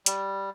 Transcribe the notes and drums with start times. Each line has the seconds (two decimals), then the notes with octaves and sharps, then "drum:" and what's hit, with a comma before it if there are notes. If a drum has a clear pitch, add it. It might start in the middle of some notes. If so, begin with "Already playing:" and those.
0.06 G3, drum: hi-hat